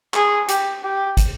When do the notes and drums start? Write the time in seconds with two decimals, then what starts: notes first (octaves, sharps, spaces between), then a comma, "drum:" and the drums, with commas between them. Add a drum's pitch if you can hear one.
0.14 G#4, drum: clap
0.48 G4, drum: hi-hat
0.83 G4
1.17 drum: kick, hi-hat